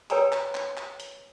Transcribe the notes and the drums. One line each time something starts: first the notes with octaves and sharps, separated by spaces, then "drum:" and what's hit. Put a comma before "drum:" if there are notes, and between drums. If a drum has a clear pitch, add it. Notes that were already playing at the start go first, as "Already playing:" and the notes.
B4 C#5 G5 G#5 A#5 B5, drum: hi-hat
drum: clap
drum: clap
drum: clap
drum: hi-hat